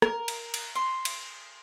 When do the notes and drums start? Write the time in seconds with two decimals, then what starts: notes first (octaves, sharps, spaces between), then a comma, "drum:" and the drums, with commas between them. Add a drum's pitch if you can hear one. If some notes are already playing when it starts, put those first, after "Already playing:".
0.02 A#4, drum: rim click
0.28 drum: cymbal
0.54 drum: cymbal
0.75 C6
1.05 drum: cymbal